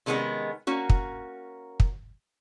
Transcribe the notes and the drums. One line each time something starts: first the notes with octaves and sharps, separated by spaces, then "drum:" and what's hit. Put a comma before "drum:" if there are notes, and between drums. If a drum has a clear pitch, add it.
C3 D#3 G#3 A3 B3 C#4
A#3 C#4 F#4
drum: kick
drum: kick